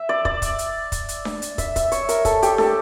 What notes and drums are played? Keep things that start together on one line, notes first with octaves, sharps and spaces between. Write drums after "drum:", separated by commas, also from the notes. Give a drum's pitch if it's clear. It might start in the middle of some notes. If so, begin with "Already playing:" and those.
Already playing: E5
D5
D5, drum: kick
drum: kick, hi-hat
drum: hi-hat
drum: kick, hi-hat
drum: hi-hat
drum: snare D4
drum: hi-hat
E5, drum: kick, hi-hat
E5, drum: kick, hi-hat
C#5, drum: hi-hat
A#4, drum: hi-hat
A4, drum: kick, hi-hat
G4, drum: hi-hat
A4, drum: snare D4